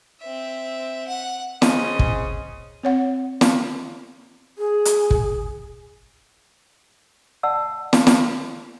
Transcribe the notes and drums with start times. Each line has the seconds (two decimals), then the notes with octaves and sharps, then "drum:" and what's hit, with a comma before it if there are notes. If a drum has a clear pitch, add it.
0.21 C4 E5
1.08 F#5
1.62 E2 C#3 C4 C#4 G#4 D#5, drum: snare
1.99 drum: kick
2.83 C4 C#5 F#5
3.41 drum: snare
4.58 G#4
4.85 drum: hi-hat
5.11 drum: kick
7.43 D5 F#5 A5 E6
7.93 drum: snare
8.07 drum: snare